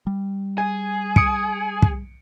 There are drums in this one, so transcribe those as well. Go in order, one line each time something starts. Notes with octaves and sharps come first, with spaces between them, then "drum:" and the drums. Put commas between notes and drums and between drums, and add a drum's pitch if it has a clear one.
G3
G#4 G#5
D#6 C#7 D7, drum: kick
drum: kick